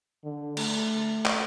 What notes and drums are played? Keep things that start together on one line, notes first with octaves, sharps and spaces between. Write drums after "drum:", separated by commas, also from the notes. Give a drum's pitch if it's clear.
D3
A3, drum: cymbal
drum: clap